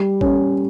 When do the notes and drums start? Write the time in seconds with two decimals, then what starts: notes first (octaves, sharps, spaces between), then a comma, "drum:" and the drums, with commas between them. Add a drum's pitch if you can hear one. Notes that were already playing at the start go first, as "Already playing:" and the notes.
Already playing: G3
0.21 C#4, drum: kick G#1